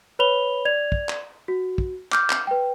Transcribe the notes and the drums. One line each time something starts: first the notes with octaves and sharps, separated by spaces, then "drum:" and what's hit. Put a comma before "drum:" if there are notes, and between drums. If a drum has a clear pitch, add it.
B4 C#5 B5 F7 G7
D5 G#6 F7
drum: kick
drum: clap
F#4
drum: kick
D6 F6 G6, drum: clap
drum: clap
B4 G5